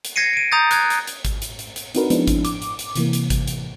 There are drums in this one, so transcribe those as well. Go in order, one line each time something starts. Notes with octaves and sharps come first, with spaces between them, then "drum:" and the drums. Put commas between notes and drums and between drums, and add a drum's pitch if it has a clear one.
drum: hi-hat
G#6 A#6 C7 C#7 D#7
D7 D#7
A#5 D#6 G6 A6
F#6 G#6, drum: hi-hat
drum: hi-hat
drum: hi-hat
drum: kick, hi-hat
drum: hi-hat
drum: hi-hat
drum: hi-hat
C4 D4 D#4 F#4 A#4 B4, drum: hi-hat
F3 G#3 B3 C4 D4 E4, drum: hi-hat
drum: kick, hi-hat
D6, drum: hi-hat
drum: hi-hat
drum: hi-hat
C3 E3 A#3, drum: hi-hat
drum: hi-hat
drum: kick, hi-hat
drum: hi-hat